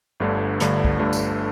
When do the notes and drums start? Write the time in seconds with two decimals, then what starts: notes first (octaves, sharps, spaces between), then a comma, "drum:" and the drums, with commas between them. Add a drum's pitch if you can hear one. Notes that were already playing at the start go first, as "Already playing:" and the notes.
0.20 G1 G2 D3 A3 D4
0.60 G1 G2 D3 A3 D4, drum: hi-hat
0.85 drum: kick
0.99 G1 G2 D3 A3 D4
1.13 drum: tambourine